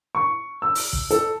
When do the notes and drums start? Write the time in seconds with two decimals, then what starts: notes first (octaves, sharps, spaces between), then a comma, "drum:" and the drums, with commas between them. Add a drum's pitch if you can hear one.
0.15 C#6
0.62 E6
0.75 drum: open hi-hat
0.93 drum: kick
1.11 A4, drum: hi-hat